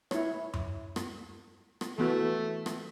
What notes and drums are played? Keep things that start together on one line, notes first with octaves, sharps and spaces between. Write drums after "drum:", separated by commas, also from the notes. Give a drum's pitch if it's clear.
E4 C#5, drum: rim click
drum: tom F#2
drum: rim click
drum: rim click
E3 A3 B3 F#4
drum: rim click